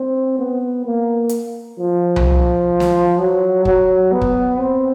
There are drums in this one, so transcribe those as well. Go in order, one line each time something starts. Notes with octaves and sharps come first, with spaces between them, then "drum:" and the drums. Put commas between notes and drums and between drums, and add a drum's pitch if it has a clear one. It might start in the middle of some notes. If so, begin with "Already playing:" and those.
Already playing: C4
B3
A#3
drum: hi-hat
F3
drum: tom C2
drum: snare
F#3
F#3, drum: kick
B3
drum: kick
C4